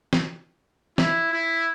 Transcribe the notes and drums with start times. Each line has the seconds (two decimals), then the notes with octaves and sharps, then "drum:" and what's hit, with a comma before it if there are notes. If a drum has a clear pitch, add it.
0.13 drum: snare
0.98 E4, drum: snare
1.32 E4